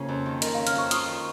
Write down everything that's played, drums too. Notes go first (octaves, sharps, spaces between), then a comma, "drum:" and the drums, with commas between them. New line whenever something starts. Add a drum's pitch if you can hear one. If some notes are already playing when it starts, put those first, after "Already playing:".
Already playing: C#3 F3 A#3 C#4
F2
D#3
A#4 D#5, drum: hi-hat
F5
C#4
F6, drum: hi-hat
F2 C#6
F4 D#6, drum: hi-hat
D#3